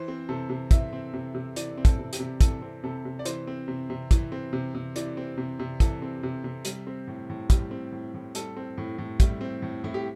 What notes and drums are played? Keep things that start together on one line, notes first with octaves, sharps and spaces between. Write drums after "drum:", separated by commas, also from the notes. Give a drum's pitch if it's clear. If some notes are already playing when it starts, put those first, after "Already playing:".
Already playing: E3 C5
C4
C3 A4
C3
E3 E5, drum: kick, hi-hat
C4
C3
C3
E3 D5, drum: hi-hat
C4
A4, drum: kick, hi-hat
C3
G4, drum: hi-hat
C3
E3 A4, drum: kick, hi-hat
C4
C3 A4
C3
D5
E3 C5, drum: hi-hat
C4
C3
C3
E3, drum: kick, hi-hat
C4
C3
C3
E3 D5, drum: hi-hat
C4
C3
C3
E3 A4, drum: kick, hi-hat
C4
C3
C3
G3, drum: hi-hat
C4
A2
A2
G3, drum: kick, hi-hat
C4
A2
A2
G3 A4, drum: hi-hat
C4
A2
A2
G3 E4, drum: kick, hi-hat
C4
A2
A2 E4
G4